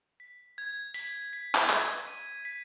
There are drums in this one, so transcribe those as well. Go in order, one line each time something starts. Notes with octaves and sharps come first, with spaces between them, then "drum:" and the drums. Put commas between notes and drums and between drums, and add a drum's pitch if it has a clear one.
B6
G#6
B6, drum: open hi-hat
B6
drum: clap
G#6, drum: clap
D#7
B6